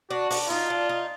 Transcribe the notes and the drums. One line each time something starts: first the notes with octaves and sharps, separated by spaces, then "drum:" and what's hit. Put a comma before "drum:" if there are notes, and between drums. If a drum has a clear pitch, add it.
D4 F#4
D4, drum: open hi-hat
D#4 F4
D4
D#4